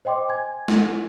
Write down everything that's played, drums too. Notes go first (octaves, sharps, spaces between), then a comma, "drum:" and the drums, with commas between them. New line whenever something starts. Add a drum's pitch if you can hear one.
C5 D#5 G5 C6 D6
G#5 G#6
drum: snare